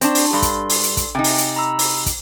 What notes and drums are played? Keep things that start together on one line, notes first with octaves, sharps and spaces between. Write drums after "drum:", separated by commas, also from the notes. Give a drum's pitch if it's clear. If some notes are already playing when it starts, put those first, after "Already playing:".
C4 D4 D5 C6 C#6, drum: hi-hat
drum: open hi-hat
G2 A4 D5 C6
drum: kick, hi-hat
drum: open hi-hat
drum: hi-hat
drum: kick, hi-hat
C3 D#4 G5 G#5 A6
drum: open hi-hat
drum: hi-hat
A#5 B5 E6
drum: open hi-hat
drum: kick, hi-hat